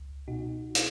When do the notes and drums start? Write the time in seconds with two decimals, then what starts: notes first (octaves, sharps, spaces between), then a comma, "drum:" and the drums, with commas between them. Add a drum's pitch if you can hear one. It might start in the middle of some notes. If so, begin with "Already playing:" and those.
Already playing: C#2
0.28 B2 D#4 F#4
0.75 E4, drum: hi-hat